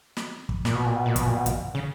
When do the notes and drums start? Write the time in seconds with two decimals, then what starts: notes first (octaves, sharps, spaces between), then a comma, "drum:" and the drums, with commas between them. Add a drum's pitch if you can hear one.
0.17 drum: snare
0.49 drum: kick
0.65 A#2, drum: snare
0.75 B2
0.85 A#2
0.96 B2
1.06 A#2
1.16 B2, drum: kick, hi-hat
1.26 A#2
1.36 B2
1.46 A#2, drum: kick, hi-hat
1.75 C#3